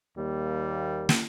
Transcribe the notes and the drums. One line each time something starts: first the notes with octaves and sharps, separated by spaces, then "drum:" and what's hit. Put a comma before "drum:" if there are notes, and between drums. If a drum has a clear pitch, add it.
D#2 G3 A#3
drum: snare